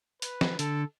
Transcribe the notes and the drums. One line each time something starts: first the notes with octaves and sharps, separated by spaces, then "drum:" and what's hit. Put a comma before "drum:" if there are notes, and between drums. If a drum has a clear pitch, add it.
B4, drum: hi-hat
drum: snare
D3 A4, drum: hi-hat